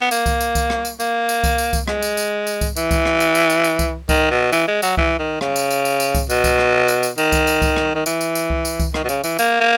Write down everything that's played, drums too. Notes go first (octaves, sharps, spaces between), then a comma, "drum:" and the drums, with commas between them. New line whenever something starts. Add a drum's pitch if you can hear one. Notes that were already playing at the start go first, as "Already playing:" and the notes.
B3
A#3, drum: tambourine
drum: kick C2, tambourine
drum: tambourine
drum: kick C2, tambourine
drum: rim click
drum: tambourine
A#3, drum: tambourine
drum: tambourine
drum: kick C2, tambourine
drum: tambourine
drum: kick C2, tambourine
G#3, drum: rim click
drum: tambourine
drum: tambourine
drum: tambourine
drum: kick C2, tambourine
E3, drum: tambourine
drum: kick C2, tambourine
drum: rim click
drum: tambourine
drum: tambourine
drum: tambourine
drum: tambourine
drum: kick C2, tambourine
D#3, drum: kick C2, tambourine
B2
E3, drum: tambourine
G#3
F#3, drum: tambourine
E3, drum: kick C2
D#3
C#3, drum: rim click
drum: tambourine
drum: tambourine
drum: tambourine
drum: tambourine
drum: kick C2, tambourine
B2, drum: tambourine
drum: kick C2, tambourine
drum: rim click
drum: tambourine
drum: tambourine
D#3, drum: tambourine
drum: kick C2, tambourine
drum: tambourine
drum: kick C2, tambourine
drum: rim click
D#3
E3, drum: tambourine
drum: tambourine
drum: tambourine
drum: kick C2
drum: tambourine
drum: kick C2, tambourine
D#3, drum: rim click
B2
C#3, drum: tambourine
E3, drum: tambourine
A#3, drum: tambourine
A#3